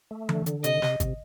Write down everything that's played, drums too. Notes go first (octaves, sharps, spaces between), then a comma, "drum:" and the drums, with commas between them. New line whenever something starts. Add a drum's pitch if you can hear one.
A3
D3, drum: tom E3
D3, drum: hi-hat
C3 D#5, drum: hi-hat
C3, drum: snare
C3, drum: kick G#1, hi-hat